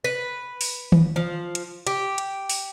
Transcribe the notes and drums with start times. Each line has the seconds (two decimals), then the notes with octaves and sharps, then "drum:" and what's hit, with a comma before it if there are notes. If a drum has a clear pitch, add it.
0.04 B4
0.61 drum: open hi-hat
0.92 drum: tom D#3
1.16 F3
1.55 drum: hi-hat
1.87 G4, drum: hi-hat
2.18 drum: hi-hat
2.50 drum: open hi-hat